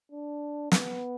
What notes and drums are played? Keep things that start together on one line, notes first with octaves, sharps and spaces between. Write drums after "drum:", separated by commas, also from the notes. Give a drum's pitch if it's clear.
D4
B3, drum: snare